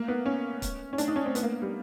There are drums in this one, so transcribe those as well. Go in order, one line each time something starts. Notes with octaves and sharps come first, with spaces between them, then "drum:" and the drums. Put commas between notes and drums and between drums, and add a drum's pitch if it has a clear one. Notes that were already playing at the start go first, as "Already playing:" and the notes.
Already playing: A#3
B3
C#4
drum: kick, hi-hat
C#4
D4, drum: hi-hat
D#4
C#4
C4
B3, drum: hi-hat
A#3
G3